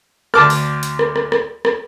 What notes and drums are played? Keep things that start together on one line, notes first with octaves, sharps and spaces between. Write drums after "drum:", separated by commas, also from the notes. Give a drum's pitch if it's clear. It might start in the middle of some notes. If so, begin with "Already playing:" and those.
D2 A5 D6 F6, drum: rim click
drum: open hi-hat
drum: hi-hat
drum: rim click
drum: rim click
drum: rim click
drum: rim click